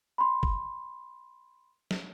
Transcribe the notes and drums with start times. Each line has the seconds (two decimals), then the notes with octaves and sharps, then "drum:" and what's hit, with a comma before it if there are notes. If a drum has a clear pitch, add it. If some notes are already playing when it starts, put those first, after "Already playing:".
0.18 B5 C6
0.43 drum: kick
1.91 drum: snare